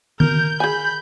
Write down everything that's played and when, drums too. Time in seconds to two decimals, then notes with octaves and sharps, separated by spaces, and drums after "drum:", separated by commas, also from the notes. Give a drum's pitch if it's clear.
0.20 A#4 G6, drum: tom D#3
0.60 G#4 G#5 B5